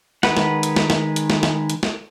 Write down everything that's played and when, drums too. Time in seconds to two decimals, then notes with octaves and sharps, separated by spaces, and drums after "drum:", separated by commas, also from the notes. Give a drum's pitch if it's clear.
0.23 D#3 G#3 B4 F#5, drum: snare
0.37 drum: snare
0.63 drum: hi-hat
0.76 drum: snare
0.90 drum: snare
1.16 drum: hi-hat
1.30 drum: snare
1.43 drum: snare
1.70 drum: hi-hat
1.83 drum: snare